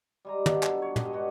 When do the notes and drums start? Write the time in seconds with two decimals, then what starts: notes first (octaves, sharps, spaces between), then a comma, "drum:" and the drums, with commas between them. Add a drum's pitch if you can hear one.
0.25 G3 G#3 A#5
0.46 B2 D3 D#3, drum: tom
0.63 A4, drum: clap
0.82 C#5
0.96 G#3 C#4 G4 D#5, drum: tom
1.13 G2 G#3 F#4